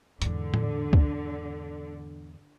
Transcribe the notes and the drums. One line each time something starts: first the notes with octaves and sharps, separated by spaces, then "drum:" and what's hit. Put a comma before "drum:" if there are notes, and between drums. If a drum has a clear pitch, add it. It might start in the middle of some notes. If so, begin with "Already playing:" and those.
E2 G#2 D3, drum: hi-hat
drum: tom A2
drum: kick C#2